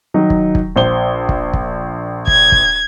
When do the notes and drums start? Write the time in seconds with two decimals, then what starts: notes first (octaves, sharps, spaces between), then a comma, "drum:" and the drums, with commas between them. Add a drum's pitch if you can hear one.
0.14 D#3 F#3 D#4
0.30 drum: kick
0.55 drum: kick
0.76 A#1 C5 G7
1.29 drum: kick
1.53 drum: kick
2.27 G#6, drum: kick
2.52 drum: kick